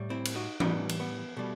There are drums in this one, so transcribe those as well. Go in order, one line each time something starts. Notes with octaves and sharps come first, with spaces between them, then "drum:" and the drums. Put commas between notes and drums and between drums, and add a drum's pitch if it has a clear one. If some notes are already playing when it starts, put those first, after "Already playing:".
Already playing: A2 G3
C4 E4
drum: cymbal
D#4 F#4
A2 E3 G3 B3 D#4, drum: tom E3
drum: cymbal
B3
B2 G3 A3